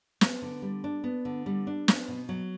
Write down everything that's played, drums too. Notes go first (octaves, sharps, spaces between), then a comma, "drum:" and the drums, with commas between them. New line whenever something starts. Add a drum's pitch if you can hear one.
B3, drum: snare
D3
G3
D4
B3
D3
G3
D4
B3, drum: snare
B2
F#3